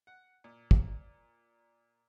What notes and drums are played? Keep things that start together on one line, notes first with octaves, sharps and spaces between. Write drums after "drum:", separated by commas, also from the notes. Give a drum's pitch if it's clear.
F#5
A#2
drum: kick